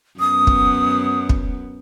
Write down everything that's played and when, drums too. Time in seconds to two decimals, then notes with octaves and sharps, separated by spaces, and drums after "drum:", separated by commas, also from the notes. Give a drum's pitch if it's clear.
0.20 F#2 B3 D#6
0.47 drum: kick
1.29 drum: kick